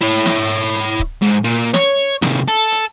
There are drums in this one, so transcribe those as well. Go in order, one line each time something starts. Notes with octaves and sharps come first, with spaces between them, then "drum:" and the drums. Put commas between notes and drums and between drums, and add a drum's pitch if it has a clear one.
E4 C#5
drum: snare
drum: hi-hat
drum: kick
G#2, drum: hi-hat
A#2
C#5, drum: snare
C3 D#3, drum: snare
A4
drum: hi-hat